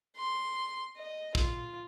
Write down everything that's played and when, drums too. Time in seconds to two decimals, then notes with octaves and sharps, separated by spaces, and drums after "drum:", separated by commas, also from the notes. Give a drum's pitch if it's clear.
0.17 C6
0.96 D#5
1.35 F4, drum: kick